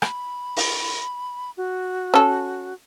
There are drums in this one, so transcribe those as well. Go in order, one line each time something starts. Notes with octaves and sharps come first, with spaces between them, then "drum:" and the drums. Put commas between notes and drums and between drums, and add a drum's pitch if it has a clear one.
B5, drum: rim click
drum: open hi-hat
F#4
C#4 A4